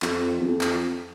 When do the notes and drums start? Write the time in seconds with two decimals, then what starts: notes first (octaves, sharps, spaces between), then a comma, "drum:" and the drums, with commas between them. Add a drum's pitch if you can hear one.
0.02 F2, drum: clap
0.39 E2
0.46 F2
0.61 drum: clap